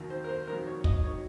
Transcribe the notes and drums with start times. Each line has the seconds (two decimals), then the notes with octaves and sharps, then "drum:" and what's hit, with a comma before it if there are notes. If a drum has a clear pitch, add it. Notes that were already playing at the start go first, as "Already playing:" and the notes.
Already playing: D#2 D#3 F#3
0.10 C5
0.24 A#4
0.29 C5
0.47 F2 D#3 F#3 A#4
0.67 C#5
0.84 D#5, drum: kick
1.04 D#3 F#3 C#5